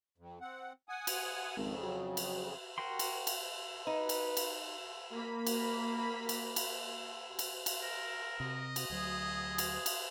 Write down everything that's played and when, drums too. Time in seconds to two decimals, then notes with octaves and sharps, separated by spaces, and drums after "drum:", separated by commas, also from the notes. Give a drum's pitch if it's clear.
0.18 F2
0.41 C4 F#5
0.89 F#5 G#5 D#6
1.07 drum: cymbal
1.57 G#1 F2 C#3
1.84 F#3
2.17 drum: cymbal
2.78 F#4 A#4 G5 C6
2.99 drum: cymbal
3.27 drum: cymbal
3.87 D#4 B4
4.09 drum: cymbal
4.37 drum: cymbal
5.11 A#3 B5
5.47 drum: cymbal
6.29 drum: cymbal
6.56 drum: cymbal
7.39 drum: cymbal
7.66 drum: cymbal
7.82 A#4
8.40 C3 D#5
8.76 drum: cymbal
8.90 D2 F#3 G#4
9.58 drum: cymbal
9.86 drum: cymbal